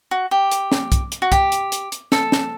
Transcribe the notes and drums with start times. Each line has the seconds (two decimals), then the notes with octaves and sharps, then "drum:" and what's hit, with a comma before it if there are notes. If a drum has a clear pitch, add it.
0.11 F#4
0.31 G4
0.52 drum: hi-hat
0.72 drum: snare
0.92 drum: kick, hi-hat
1.12 drum: hi-hat
1.22 F#4
1.32 G4, drum: kick, hi-hat
1.52 drum: hi-hat
1.72 drum: hi-hat
1.92 drum: hi-hat
2.12 A4, drum: snare
2.32 drum: snare